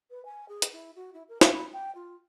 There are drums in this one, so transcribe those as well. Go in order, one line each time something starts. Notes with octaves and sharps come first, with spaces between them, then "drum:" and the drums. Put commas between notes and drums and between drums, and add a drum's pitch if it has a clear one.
B4
G#5
G#4
drum: hi-hat
E4
F#4
E4
A#4
G#5, drum: snare
B5
G5
F4